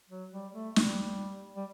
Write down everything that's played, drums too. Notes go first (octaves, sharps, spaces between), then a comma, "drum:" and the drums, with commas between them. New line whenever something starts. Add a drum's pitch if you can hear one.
F#3
G3
A3
G3, drum: snare
G3